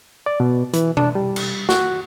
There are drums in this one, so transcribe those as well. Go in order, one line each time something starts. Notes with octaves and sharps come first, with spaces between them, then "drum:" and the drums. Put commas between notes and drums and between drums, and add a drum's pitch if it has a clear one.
D5
B2
E3, drum: hi-hat
D4, drum: tom B2
G3
drum: cymbal
F#4, drum: snare